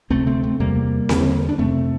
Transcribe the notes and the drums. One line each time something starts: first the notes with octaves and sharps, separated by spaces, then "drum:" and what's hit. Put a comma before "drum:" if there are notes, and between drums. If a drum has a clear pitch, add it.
D2 C3 A3 C4
A3 C4
A3 C4
E2 C3 G3 A#3
E2 D3, drum: snare C4
D4
F2 C3 A3 C4